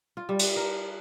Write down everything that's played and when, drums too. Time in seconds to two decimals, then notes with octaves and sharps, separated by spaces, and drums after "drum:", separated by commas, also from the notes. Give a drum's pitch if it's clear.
0.17 F4
0.29 G3
0.39 drum: cymbal
0.57 A#4